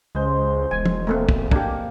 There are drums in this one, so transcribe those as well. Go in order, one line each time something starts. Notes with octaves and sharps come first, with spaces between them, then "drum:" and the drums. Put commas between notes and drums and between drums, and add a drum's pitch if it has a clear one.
C#2 G#3 C5
E1 G#5
drum: tom
A3 A#3 C4
drum: kick
A#3 D4 G4, drum: kick